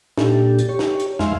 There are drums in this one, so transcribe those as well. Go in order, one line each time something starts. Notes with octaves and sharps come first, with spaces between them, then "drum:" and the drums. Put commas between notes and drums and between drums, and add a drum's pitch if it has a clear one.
A#2 D4 G4 A4, drum: snare
drum: hi-hat
G4 C#5
drum: snare
drum: hi-hat
F2 G#3 E5 F5 G#5 C6, drum: snare